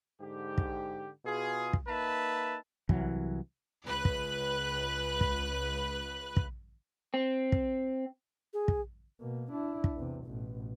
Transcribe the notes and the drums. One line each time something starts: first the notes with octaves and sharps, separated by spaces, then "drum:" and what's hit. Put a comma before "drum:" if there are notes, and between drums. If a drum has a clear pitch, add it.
G#2 D3 G4
drum: kick
B2 F4 G#4
drum: kick
A#3 D#4 B4 E5 A5
C2 E3 F#3, drum: kick
C#2 B4 F#6
drum: kick
drum: kick
drum: kick
C4
drum: kick
G#4
drum: kick
B2 A#3
D4 E4
drum: kick
E2 C3
A1 B2